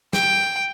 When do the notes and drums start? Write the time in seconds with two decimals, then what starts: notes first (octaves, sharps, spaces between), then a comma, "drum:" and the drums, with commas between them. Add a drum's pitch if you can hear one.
0.13 G5, drum: snare